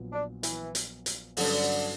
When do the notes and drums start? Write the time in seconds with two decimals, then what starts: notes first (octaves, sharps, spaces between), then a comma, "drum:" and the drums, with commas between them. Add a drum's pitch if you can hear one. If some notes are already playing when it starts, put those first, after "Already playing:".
Already playing: A#1 A#2 F#3 B3
0.13 D4
0.43 E3, drum: hi-hat
0.75 drum: hi-hat
1.06 drum: hi-hat
1.37 G2 D3 F#3 C#4 F#4, drum: open hi-hat